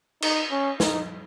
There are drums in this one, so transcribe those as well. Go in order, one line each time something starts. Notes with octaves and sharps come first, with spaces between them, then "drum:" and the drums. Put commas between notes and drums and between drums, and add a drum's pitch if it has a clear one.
D#4, drum: cymbal
C#4
D#4, drum: snare